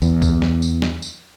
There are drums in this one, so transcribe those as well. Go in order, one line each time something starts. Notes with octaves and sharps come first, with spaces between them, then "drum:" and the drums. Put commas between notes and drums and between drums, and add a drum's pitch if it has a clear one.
E2, drum: tambourine
drum: kick C#2, tambourine
drum: snare
drum: tambourine
drum: snare
drum: tambourine